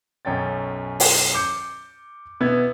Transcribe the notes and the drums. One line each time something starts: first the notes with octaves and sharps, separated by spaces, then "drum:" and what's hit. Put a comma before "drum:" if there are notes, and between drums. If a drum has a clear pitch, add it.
B1 F#2 C#4 G5 A6
drum: open hi-hat
D6 G6 C#7
B2 B3 E4 E6 G#6